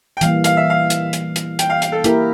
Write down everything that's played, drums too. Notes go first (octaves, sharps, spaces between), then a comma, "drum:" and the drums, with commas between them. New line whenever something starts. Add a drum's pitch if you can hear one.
G5
E3 G3 A#3 F5, drum: hi-hat
F5, drum: hi-hat
E5
F5
drum: hi-hat
drum: hi-hat
drum: hi-hat
G5, drum: hi-hat
F5
F5, drum: hi-hat
A4
A#3 E4 G4 A#4, drum: hi-hat